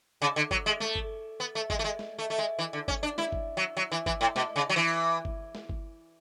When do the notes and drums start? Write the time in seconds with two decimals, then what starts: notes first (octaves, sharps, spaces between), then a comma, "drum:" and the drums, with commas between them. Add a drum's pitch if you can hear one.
0.22 C#3
0.36 D3
0.51 F#3, drum: kick G1
0.66 G#3
0.80 A3, drum: snare
0.95 drum: kick G1
1.40 B3
1.55 A3
1.70 G#3, drum: kick G1
1.79 A3
1.84 G#3
1.99 drum: snare
2.18 A3
2.30 A3
2.38 G#3
2.59 E3
2.73 D3
2.88 C#4, drum: kick G1
3.03 D4
3.18 E4, drum: snare
3.32 drum: kick G1
3.57 F#3
3.77 F#3
3.92 E3
4.06 E3, drum: kick G1
4.21 A2
4.36 B2, drum: snare
4.56 C#3
4.69 F#3
4.76 E3
5.25 drum: kick G1
5.55 drum: snare
5.69 drum: kick G1